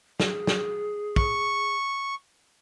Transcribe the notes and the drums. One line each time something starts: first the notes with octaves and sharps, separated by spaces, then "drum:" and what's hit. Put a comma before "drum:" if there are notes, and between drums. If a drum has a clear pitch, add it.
G#4, drum: snare
drum: snare
C#6, drum: kick